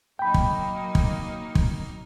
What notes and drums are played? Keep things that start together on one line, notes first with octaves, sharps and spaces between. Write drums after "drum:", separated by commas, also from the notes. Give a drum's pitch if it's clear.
F#3 A#3 D#4 G5 B5
drum: kick
drum: kick
drum: kick